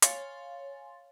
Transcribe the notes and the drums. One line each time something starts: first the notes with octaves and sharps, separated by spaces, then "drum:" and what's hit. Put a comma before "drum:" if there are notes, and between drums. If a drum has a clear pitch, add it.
C#5 F5 G#5 C6 A6, drum: hi-hat